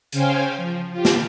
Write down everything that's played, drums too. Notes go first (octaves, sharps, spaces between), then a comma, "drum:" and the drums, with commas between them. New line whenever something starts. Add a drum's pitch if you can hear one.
C#3 C#4 C5 F5 G5 G#5, drum: hi-hat
F3
F4 G4
drum: snare